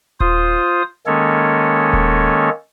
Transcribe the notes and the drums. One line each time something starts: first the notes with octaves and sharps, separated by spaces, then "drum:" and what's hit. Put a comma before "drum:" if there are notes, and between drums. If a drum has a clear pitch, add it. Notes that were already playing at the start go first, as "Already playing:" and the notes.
F4 C5 D#6, drum: kick D#1
D#3 G#3 A#3 C#4 A4 C#5
drum: kick D#1